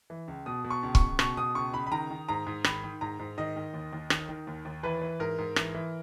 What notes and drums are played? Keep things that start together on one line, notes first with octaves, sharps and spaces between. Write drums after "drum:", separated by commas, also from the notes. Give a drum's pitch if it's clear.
E3
C#2
B2 D#6
B2
C#6
C#2
C#6, drum: kick
C#2
B2 C#6, drum: rim click
B2 D#6
C#2 C#6
C#2 B5
B5
D#3 A#5
D#3
G#2 A#5
G#2
D#3 B5, drum: rim click
D#3
G#2 A#5
G#2
D#3 D#5
D#3
D#2
D#2
D#3, drum: rim click
D#3
D#2
D#2
E3 B4
E3
G#2 A#4
G#2
E3, drum: rim click
E3